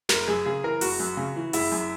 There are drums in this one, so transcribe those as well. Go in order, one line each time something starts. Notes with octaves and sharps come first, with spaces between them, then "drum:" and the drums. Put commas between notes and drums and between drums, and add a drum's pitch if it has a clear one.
F#1 A#4, drum: snare
F#2 G#4
C#3 G#4
E3 A#4
F#1 F#4, drum: open hi-hat
F#2
C#3
E3
F#1 E4, drum: open hi-hat
F#2